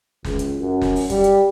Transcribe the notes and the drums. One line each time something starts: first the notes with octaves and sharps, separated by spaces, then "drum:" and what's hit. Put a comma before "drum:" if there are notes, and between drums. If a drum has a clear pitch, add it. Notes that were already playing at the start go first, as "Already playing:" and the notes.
C#2, drum: snare
drum: hi-hat
F#2
drum: snare
drum: open hi-hat
G3, drum: kick, hi-hat
drum: hi-hat